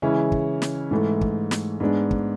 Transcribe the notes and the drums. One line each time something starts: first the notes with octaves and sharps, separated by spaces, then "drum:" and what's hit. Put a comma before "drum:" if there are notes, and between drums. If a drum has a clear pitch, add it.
C#3 E3 G#3 C#4 E4
drum: kick
drum: snare
G#2 E3 A3
drum: kick
drum: snare
G#2 G#3 B3 D4
drum: kick